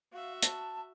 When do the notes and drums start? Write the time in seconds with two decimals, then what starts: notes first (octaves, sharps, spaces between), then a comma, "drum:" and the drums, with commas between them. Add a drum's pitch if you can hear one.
0.13 F#4 E5 F5
0.42 A5, drum: hi-hat